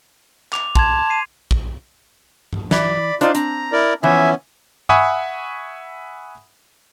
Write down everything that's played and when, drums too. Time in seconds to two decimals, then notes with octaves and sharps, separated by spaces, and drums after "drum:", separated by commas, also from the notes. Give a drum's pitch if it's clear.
0.53 D6 F7, drum: clap
0.75 A5 C6 G#6, drum: kick
1.10 C7 D#7
1.51 drum: kick
2.53 drum: tom G2
2.71 E3 D5 B5, drum: snare
3.21 D4 D#4 F4 C5 D5, drum: hi-hat
3.35 C4 A#5, drum: hi-hat
3.72 E4 A#4 D5
4.03 E3 F3 B3 C#4 E5 G#5
4.89 E5 F#5 G#5 B5 C#6 D#6, drum: tom G2